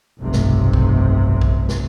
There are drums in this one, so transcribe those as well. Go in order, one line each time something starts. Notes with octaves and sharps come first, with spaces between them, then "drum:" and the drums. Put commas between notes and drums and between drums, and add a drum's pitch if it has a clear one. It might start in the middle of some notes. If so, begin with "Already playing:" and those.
F1 B1 G2 C3
drum: snare
drum: kick B1
drum: kick B1
drum: snare